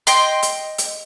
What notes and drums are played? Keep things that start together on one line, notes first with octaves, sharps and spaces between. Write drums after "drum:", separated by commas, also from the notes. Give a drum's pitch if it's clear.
D#5 G5 C6, drum: hi-hat
drum: hi-hat
drum: hi-hat